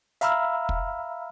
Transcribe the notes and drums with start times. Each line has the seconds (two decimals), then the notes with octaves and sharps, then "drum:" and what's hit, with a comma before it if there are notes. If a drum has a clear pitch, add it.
0.21 E5 F5 A#5 B5 E6 F6, drum: hi-hat
0.69 drum: kick